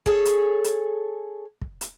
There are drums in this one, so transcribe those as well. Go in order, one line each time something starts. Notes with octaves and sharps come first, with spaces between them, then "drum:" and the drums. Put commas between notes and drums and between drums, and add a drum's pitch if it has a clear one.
G#4 A4 C#5, drum: kick
drum: hi-hat
drum: hi-hat
drum: kick
drum: hi-hat